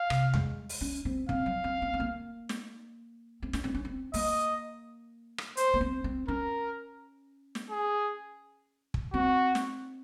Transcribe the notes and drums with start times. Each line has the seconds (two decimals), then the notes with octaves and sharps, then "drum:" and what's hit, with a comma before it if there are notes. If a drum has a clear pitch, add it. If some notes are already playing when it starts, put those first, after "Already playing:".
Already playing: F5
0.10 C3, drum: rim click
0.34 G#3, drum: tom E2
0.69 drum: open hi-hat
0.81 C#4
1.05 C4
1.29 C4 F5, drum: kick
1.46 F#3
1.64 C4
1.82 C4
1.93 C4
2.00 A#3
2.49 drum: snare
3.42 C4
3.53 C#4, drum: snare
3.64 C4
3.75 C#4
3.85 C4
4.14 A#3 D#5, drum: open hi-hat
5.38 drum: rim click
5.57 C5, drum: hi-hat
5.74 A#3
5.81 C4
6.04 C4
6.28 C#4 A#4
7.55 drum: snare
7.71 G#4
8.94 drum: kick
9.13 C4 F#4
9.55 drum: snare